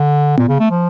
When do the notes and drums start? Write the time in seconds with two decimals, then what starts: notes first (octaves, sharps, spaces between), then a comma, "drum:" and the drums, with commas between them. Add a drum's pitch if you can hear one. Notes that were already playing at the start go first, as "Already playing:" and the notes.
Already playing: D3
0.38 A#2, drum: tom B3
0.49 C#3
0.60 A3
0.71 F3